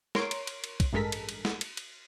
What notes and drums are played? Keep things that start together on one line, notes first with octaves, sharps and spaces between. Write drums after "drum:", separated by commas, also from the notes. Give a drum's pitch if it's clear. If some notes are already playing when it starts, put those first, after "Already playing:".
A#4 C#5 C6 D7, drum: snare
drum: cymbal
drum: cymbal
drum: cymbal
drum: kick, cymbal
A1 G2 G#3 A4 A#4 B6
drum: cymbal
drum: cymbal
drum: snare
drum: cymbal
drum: cymbal